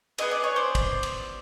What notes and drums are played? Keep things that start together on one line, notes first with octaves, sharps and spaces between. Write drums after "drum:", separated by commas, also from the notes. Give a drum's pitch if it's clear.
B3 E4 G#4 D#5, drum: cymbal
D5
C#5
C5 D5
drum: kick, cymbal
drum: cymbal